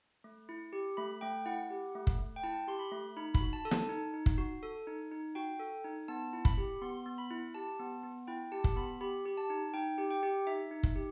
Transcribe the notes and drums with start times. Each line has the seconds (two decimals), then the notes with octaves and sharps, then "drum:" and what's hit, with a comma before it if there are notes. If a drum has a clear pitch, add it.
0.24 A3
0.49 E4
0.73 G4
0.97 A3 B5
1.21 A3 G5
1.46 E4 F#5
1.70 G4
1.95 A3
2.07 drum: kick
2.19 A3
2.36 G5
2.43 E4 A5
2.68 G4 C6
2.79 B5
2.92 A3
3.17 D#4 B5
3.34 B5, drum: kick
3.41 F#4
3.53 A5
3.65 A4
3.71 A5, drum: snare
3.89 D#4
4.14 D#4
4.26 drum: kick
4.38 F#4
4.63 A4
4.87 D#4
5.11 D#4
5.35 F#4 G5
5.60 A4
5.84 D#4
6.08 B3 A5
6.33 E4
6.45 B5, drum: kick
6.58 G4
6.82 B3 C6
7.06 B3
7.18 B5
7.30 E4
7.55 G4 A5
7.79 B3
8.03 B3
8.27 E4 G5
8.52 G4 A5
8.64 drum: kick
8.76 B3 B5
9.01 G4 B5
9.25 G4
9.37 A5
9.50 D#4
9.74 D#4 G5
9.98 G4
10.10 G5
10.23 G4
10.47 D#4 E5
10.71 D#4
10.83 drum: kick
10.96 G4